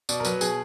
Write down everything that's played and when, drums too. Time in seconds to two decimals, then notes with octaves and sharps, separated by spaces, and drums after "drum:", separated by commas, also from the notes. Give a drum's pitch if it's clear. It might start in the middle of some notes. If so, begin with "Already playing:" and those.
0.09 B2 D5, drum: tambourine
0.20 A#4
0.25 F#3 B4, drum: tambourine
0.41 B2 G#4, drum: tambourine